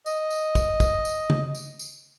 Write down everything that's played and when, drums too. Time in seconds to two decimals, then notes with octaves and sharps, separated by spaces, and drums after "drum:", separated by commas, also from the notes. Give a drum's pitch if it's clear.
0.06 D#5, drum: tambourine
0.30 drum: tambourine
0.55 drum: kick, tambourine
0.80 drum: kick, tambourine
1.05 drum: tambourine
1.30 drum: tom C#3
1.55 drum: tambourine
1.79 drum: tambourine